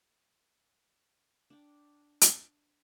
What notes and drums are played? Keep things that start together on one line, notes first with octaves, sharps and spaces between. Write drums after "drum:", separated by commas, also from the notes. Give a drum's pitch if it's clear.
D4 G5
drum: hi-hat